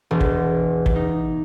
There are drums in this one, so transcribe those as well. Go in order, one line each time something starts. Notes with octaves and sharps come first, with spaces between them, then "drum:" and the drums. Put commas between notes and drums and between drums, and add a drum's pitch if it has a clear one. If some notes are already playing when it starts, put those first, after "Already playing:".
E1
drum: kick
drum: kick
D#4